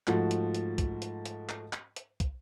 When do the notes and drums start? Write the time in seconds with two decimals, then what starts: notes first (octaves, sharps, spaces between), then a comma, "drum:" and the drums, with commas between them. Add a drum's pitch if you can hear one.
0.07 G#2 F3 A3 F#4, drum: clap
0.31 drum: hi-hat
0.55 drum: hi-hat
0.78 drum: kick, hi-hat
1.02 drum: hi-hat
1.25 drum: hi-hat
1.49 drum: clap
1.73 drum: clap
1.96 drum: hi-hat
2.20 drum: kick, hi-hat